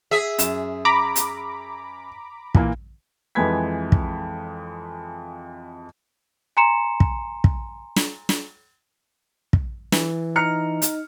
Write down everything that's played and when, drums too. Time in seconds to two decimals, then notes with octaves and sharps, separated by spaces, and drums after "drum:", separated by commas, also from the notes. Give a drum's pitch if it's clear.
0.11 G#4 E5
0.39 F#2 E7, drum: hi-hat
0.85 A#5 B5 D6
1.16 drum: hi-hat
2.55 A#2 E3 A#3, drum: kick
3.35 F2 E3 G#3 B4 G#6 B6
3.92 drum: kick
6.57 G#5 A#5 C6 C#7 E7
7.00 drum: kick
7.44 drum: kick
7.96 drum: snare
8.29 drum: snare
9.53 drum: kick
9.92 E3, drum: snare
10.36 D#4 A#5 F6 C#7
10.82 drum: hi-hat